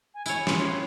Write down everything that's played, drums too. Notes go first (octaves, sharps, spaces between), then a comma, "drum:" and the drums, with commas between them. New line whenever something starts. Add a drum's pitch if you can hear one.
G#5
E4 C#5 G#5, drum: tambourine
C6, drum: snare
C#4 D4